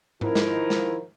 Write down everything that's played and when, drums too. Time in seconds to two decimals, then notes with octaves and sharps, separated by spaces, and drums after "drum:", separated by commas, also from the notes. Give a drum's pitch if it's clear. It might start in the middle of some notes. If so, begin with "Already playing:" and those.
0.21 D#3 F3 E4 A#4, drum: tom G#2
0.35 drum: snare
0.70 drum: snare